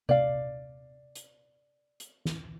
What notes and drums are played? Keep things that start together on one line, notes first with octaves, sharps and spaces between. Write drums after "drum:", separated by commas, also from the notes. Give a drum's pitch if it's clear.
D5 F5, drum: tom C3
drum: hi-hat
drum: hi-hat
drum: snare